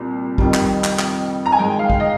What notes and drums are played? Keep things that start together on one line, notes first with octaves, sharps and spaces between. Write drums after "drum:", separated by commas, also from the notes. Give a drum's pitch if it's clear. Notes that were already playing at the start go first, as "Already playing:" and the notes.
Already playing: C2 A#2
F2 D#3 G3, drum: kick
drum: clap
drum: clap
drum: clap
A#5
G#5
G#2 D#3 G#3 G5
F5
drum: kick
D#5